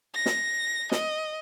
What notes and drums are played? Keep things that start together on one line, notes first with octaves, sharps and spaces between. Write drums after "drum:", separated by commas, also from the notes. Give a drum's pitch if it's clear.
A#6
drum: snare
D#5, drum: snare